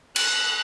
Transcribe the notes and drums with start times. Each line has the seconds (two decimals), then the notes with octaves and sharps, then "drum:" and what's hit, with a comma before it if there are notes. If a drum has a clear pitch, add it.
0.16 F#6, drum: cymbal